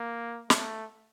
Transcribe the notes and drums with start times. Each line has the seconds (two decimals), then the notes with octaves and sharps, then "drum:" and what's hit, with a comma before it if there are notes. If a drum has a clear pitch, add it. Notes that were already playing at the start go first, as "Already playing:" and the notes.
Already playing: A#3
0.50 A3, drum: snare